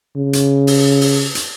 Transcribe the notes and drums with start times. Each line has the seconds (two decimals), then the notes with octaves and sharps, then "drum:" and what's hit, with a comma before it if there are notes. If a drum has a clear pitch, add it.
0.16 C#3
0.33 drum: hi-hat
0.67 drum: open hi-hat
1.01 drum: open hi-hat
1.35 drum: hi-hat